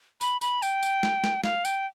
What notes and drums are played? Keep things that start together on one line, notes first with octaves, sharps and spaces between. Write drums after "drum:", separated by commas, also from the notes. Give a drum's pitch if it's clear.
B5, drum: tambourine
B5, drum: tambourine
G5, drum: tambourine
drum: tambourine
drum: snare
drum: snare
F5, drum: snare
G5, drum: tambourine